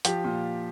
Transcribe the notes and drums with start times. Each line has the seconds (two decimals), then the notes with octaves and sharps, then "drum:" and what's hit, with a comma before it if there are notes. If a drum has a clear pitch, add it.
0.05 F3 G4, drum: hi-hat
0.24 A#2